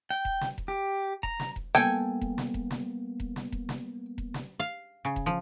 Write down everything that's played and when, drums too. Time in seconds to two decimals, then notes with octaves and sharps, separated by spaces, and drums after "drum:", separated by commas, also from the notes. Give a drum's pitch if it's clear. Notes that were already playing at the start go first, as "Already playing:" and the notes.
0.10 G5
0.25 drum: kick E1
0.41 drum: snare
0.58 drum: kick E1
0.68 G4
1.23 A#5, drum: kick E1
1.40 drum: snare
1.56 drum: kick E1
1.75 G3 A#3 B3 A4 G5 G#5, drum: snare
2.21 drum: kick E1
2.38 drum: snare
2.54 drum: kick E1
2.71 drum: snare
3.20 drum: kick E1
3.36 drum: snare
3.52 drum: kick E1
3.69 drum: snare
4.18 drum: kick E1
4.34 drum: snare
4.60 F5
5.05 C#3
5.16 drum: kick E1
5.26 F3